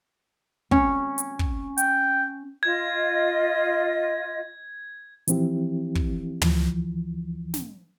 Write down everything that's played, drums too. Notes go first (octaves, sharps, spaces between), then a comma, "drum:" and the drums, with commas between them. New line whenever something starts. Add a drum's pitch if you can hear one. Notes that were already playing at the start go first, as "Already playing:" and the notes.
C#4, drum: kick
drum: hi-hat
drum: kick
G5, drum: hi-hat
F4 D#5 G#6
E3 F3 C4 E4 G4, drum: hi-hat
drum: kick
D2 E3 F3, drum: tom
drum: snare